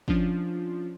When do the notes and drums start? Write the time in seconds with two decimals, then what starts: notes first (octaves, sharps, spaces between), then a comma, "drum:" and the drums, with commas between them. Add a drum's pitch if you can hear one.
0.08 F3 C#4 D4 F4, drum: kick